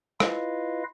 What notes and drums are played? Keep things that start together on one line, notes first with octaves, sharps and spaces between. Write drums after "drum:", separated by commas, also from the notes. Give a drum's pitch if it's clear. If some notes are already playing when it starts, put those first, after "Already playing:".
E4 F4 B4 D#5 F5, drum: rim click